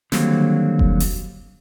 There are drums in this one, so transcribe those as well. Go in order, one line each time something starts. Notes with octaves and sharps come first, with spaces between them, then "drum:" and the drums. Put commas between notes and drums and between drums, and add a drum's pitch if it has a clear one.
D3 D#3 F#3 G3 A#3 C4, drum: snare
drum: kick F1
drum: open hi-hat